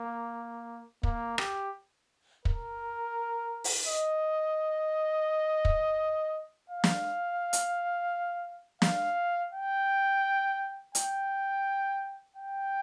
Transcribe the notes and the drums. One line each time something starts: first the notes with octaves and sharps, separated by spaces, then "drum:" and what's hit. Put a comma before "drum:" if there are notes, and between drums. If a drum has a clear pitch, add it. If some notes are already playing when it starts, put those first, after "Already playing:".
Already playing: A#3
A#3, drum: kick
G4, drum: rim click
A#4, drum: kick
drum: open hi-hat
D#5
drum: kick
F5
drum: snare
drum: hi-hat
F5, drum: snare
G5
G5, drum: hi-hat
G5